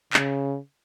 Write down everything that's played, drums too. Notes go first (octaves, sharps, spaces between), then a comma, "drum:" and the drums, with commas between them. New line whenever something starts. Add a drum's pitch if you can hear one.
C#3, drum: clap